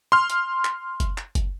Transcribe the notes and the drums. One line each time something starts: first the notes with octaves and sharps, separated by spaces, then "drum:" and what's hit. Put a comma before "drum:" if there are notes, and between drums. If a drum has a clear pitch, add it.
C6 F6
drum: hi-hat
drum: clap
drum: kick F#1, hi-hat
drum: clap
drum: kick F#1, hi-hat